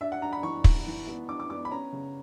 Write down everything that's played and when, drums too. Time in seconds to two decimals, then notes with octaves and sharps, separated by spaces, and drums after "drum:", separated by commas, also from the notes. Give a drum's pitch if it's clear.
0.01 D4 E5
0.12 F#5
0.22 D4 A#5
0.33 B5
0.43 E3 C#6
0.64 E3, drum: kick
0.87 E3
1.07 B3
1.29 D4 D6
1.40 D6
1.50 B3 D6
1.65 B5
1.71 C#4 A#5
1.93 C#3